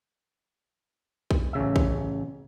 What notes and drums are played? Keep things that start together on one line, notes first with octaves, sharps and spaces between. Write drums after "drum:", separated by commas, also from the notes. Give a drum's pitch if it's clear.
drum: kick
A1 C#3 E5
drum: kick